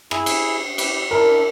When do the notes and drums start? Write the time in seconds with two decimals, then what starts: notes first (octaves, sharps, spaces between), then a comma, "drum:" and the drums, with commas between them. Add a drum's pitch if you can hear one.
0.11 E4 G#4, drum: rim click
0.26 drum: cymbal
0.78 E4 G4 B4, drum: cymbal
1.11 D4 E4 A#4 B5